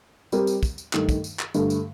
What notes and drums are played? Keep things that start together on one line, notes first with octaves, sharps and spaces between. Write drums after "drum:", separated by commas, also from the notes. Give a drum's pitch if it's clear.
G3 C4 G4 A#4, drum: tambourine
drum: tambourine
drum: kick, tambourine
drum: tambourine
G2 D#3 A3, drum: clap
drum: kick, tambourine
drum: tambourine
drum: clap
G2 D3 A3, drum: tambourine
drum: tambourine